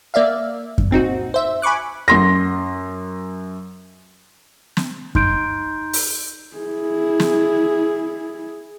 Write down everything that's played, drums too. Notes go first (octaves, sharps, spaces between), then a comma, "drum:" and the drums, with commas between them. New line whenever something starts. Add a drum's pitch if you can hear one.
A#3 D5 E5 F5
drum: kick F#2
A#2 C4 D#4 F#4
C5 E5
G#5 B5 C#6 D6 F#6
F#2 C6 A#6
drum: snare
D#4 C6 G6 D7, drum: kick F#2
drum: open hi-hat
E4 G#4
drum: snare